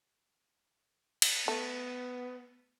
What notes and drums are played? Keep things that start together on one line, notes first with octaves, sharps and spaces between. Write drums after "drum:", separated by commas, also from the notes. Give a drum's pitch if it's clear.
drum: cymbal
A3 B3